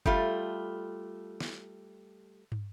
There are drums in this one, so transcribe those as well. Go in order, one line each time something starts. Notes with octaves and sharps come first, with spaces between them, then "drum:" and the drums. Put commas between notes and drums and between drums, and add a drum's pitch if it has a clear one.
G3 A3 F4, drum: kick F#1
drum: snare
drum: tom